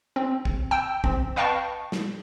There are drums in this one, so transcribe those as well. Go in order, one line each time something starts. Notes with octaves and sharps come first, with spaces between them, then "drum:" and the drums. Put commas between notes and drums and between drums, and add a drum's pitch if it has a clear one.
C4
drum: kick
G5 E6
C4, drum: kick
B4 D#5 F5 G5 A5 C#6
drum: snare